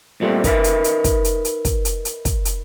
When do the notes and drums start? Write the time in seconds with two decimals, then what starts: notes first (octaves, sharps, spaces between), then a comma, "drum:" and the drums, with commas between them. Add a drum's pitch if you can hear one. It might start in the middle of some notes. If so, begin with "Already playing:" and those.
0.21 A#2 G3 A3 C4
0.44 D#4 A#4 B4 E5, drum: kick, hi-hat
0.64 drum: hi-hat
0.84 drum: hi-hat
1.04 drum: kick, hi-hat
1.24 drum: hi-hat
1.45 drum: hi-hat
1.65 drum: kick, hi-hat
1.85 drum: hi-hat
2.05 drum: hi-hat
2.25 drum: kick, hi-hat
2.45 drum: hi-hat